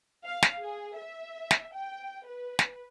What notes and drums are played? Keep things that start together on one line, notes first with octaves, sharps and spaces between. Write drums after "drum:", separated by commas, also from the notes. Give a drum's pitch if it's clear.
F5
drum: snare
G#4
E5
drum: snare
G5
B4
drum: snare